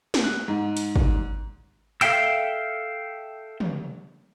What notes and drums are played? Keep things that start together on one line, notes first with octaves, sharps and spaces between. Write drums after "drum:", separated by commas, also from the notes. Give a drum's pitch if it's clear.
drum: snare
F#6
G#2
drum: hi-hat
drum: kick
A4 E5 F5 G5 E6, drum: hi-hat
drum: tom